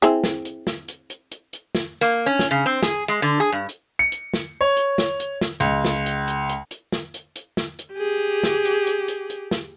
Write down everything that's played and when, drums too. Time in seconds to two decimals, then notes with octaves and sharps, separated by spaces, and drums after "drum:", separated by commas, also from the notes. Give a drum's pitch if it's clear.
0.02 C4 E4 G#4
0.24 drum: snare
0.45 drum: hi-hat
0.67 drum: snare
0.88 drum: hi-hat
1.10 drum: hi-hat
1.31 drum: hi-hat
1.53 drum: hi-hat
1.75 drum: snare
2.01 A#3
2.26 C#4
2.39 drum: snare
2.51 C#3
2.66 C4
2.82 G#4, drum: snare
3.08 G#3
3.22 D3
3.40 G#4
3.52 G2
3.69 drum: hi-hat
3.99 C#7
4.12 drum: hi-hat
4.34 drum: snare
4.61 C#5
4.77 drum: hi-hat
4.98 drum: snare
5.20 drum: hi-hat
5.41 drum: snare
5.60 C#2, drum: hi-hat
5.85 drum: snare
6.06 drum: hi-hat
6.28 drum: hi-hat
6.49 drum: hi-hat
6.71 drum: hi-hat
6.92 drum: snare
7.14 drum: hi-hat
7.36 drum: hi-hat
7.57 drum: snare
7.79 drum: hi-hat
7.93 G4 G#4
8.43 drum: snare
8.65 drum: hi-hat
8.87 drum: hi-hat
9.08 drum: hi-hat
9.30 drum: hi-hat
9.51 drum: snare